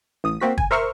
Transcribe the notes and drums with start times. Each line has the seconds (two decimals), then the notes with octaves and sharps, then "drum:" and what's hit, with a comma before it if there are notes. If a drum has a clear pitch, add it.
0.24 A1 D#6
0.40 A#3 C4 F#4 B6
0.58 G#5, drum: kick
0.71 A#4 C5 E5 C#6 F6